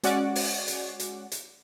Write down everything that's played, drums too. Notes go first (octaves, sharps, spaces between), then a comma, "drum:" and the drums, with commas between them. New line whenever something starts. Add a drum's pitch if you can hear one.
G#3 C#4 F#4 D5 F#5, drum: hi-hat
drum: open hi-hat
drum: hi-hat
drum: hi-hat
drum: hi-hat